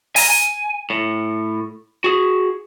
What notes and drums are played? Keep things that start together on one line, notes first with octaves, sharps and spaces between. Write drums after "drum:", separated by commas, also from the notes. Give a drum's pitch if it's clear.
G#5 A#5, drum: open hi-hat
G#5
A2
F#4 G#4